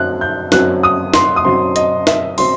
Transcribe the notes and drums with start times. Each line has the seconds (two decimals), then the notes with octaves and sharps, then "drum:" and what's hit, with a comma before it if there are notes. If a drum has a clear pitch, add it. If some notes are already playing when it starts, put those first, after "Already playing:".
Already playing: F#2 F#3 C4 F#6
0.21 G6
0.52 F#2 F#3 C4 F#6, drum: snare
0.83 D#6
1.14 C6, drum: snare
1.36 D#6
1.45 F#2 F#3 C4 C6
1.76 D#5, drum: hi-hat
2.07 E5, drum: snare
2.38 F#3 C4 C6, drum: open hi-hat